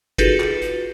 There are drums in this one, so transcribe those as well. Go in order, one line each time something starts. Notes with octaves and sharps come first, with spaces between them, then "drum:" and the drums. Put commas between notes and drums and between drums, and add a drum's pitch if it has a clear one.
D#4 F4 F#4 G#4 A4 B4, drum: kick, hi-hat
drum: clap
drum: hi-hat